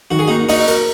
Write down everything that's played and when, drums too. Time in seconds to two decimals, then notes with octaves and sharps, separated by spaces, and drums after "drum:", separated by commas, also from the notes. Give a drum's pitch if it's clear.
0.11 D#3 F#4
0.19 G#4
0.28 A#3 D#4 F#4
0.49 D#4 F#4 D#5, drum: open hi-hat
0.68 A#4, drum: hi-hat